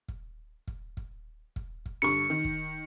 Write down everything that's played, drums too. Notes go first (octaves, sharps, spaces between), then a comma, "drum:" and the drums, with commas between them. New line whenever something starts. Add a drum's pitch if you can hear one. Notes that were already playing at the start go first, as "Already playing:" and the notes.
drum: kick
drum: kick
drum: kick
drum: kick
drum: kick
G2 D3 C#6 C#7
D#3
drum: kick